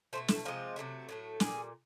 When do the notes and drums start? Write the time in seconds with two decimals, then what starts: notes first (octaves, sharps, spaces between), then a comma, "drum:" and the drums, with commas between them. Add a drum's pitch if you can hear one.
0.13 B2 F#3 A3 C5
0.28 A4, drum: snare
0.45 C3 F3 G#3 F4
0.76 C3 D#3 F#3 A3
1.09 A2 F#3 A3
1.40 A#2 G3 G#4, drum: snare